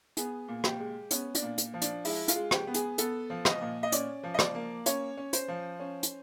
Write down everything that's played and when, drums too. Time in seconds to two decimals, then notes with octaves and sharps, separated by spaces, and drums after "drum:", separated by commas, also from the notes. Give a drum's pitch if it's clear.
0.17 B3 G#4, drum: hi-hat
0.48 A#2
0.64 G4, drum: rim click
0.79 G#3
1.11 B3 C#4, drum: hi-hat
1.35 D4, drum: hi-hat
1.42 A#2
1.58 drum: hi-hat
1.74 F3
1.82 D4, drum: hi-hat
2.05 G#3 E4, drum: open hi-hat
2.28 F4, drum: hi-hat
2.35 G#3
2.51 G4, drum: rim click
2.67 B3
2.74 G#4, drum: hi-hat
2.98 B3 A4, drum: hi-hat
3.30 F3
3.45 D#5, drum: rim click
3.61 A#2
3.83 D#5
3.92 C#4 D5, drum: hi-hat
4.23 F3
4.34 D#5
4.39 D5, drum: rim click
4.55 A#3
4.86 C#4 C#5, drum: hi-hat
5.17 C#4
5.33 C5, drum: hi-hat
5.48 F3
5.79 C#4
6.03 drum: hi-hat